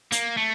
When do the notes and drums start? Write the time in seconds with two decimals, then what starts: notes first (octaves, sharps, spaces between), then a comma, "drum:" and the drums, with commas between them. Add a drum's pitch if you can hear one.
0.12 A#3, drum: hi-hat
0.37 A3